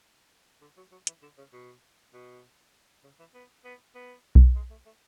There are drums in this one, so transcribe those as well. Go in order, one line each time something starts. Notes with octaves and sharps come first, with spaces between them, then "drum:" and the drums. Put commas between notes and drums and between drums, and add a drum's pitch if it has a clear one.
D3
F#3
F#3
E3, drum: hi-hat
D3
C#3
B2
B2
C#3
E3
B3
B3
B3
drum: kick B1
G#3
A3
A3